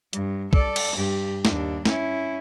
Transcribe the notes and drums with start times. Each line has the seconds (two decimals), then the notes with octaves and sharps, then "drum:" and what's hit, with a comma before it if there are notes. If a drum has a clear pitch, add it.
0.13 G2, drum: hi-hat
0.53 A4 D5, drum: kick
0.76 drum: cymbal
0.96 G2 G4
1.45 D#2 D4, drum: snare
1.85 C#4 E4, drum: snare